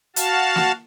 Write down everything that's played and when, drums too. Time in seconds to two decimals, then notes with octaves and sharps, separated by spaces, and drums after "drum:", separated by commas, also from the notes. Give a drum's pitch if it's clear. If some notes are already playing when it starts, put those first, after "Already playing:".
0.16 F#4 F5 A5, drum: hi-hat
0.56 drum: snare